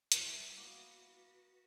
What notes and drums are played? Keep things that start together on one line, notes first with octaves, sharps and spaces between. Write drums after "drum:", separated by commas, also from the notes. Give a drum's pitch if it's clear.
G3 E4, drum: hi-hat
A#3 B3 F#4 B4